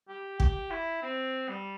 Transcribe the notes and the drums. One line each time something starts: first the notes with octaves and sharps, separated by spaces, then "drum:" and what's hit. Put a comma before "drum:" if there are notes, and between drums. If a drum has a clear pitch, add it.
G4
G4, drum: kick
E4
C4
G3